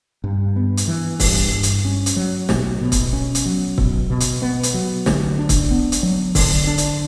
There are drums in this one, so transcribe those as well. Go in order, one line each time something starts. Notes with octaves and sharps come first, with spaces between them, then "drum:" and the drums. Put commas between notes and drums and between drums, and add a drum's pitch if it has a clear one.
G2
B3
drum: hi-hat
E3
G2, drum: kick, open hi-hat
G2
drum: hi-hat
C#4
drum: hi-hat
F#3
B2, drum: snare
B2
drum: kick, hi-hat
C#4
drum: hi-hat
F#3
B2, drum: kick
B2
drum: hi-hat
B3
drum: hi-hat
F#3
D3, drum: snare
D4
drum: kick, hi-hat
B3
drum: hi-hat
F#3
D3, drum: kick, open hi-hat
D4
drum: hi-hat